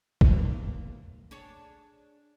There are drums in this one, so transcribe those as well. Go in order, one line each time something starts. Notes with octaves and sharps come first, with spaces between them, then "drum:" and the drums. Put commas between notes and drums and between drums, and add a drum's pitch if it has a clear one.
A#3 B3 D#4, drum: kick
D4 G#4 C#5